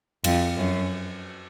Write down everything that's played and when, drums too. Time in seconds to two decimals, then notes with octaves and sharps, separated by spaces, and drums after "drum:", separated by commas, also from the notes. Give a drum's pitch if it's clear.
0.24 F2, drum: cymbal
0.57 F#2